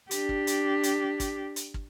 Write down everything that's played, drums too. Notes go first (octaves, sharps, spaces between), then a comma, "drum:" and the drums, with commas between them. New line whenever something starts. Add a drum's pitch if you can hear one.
D4 G4, drum: hi-hat
drum: kick
drum: hi-hat
drum: hi-hat
drum: kick, hi-hat
drum: hi-hat
drum: kick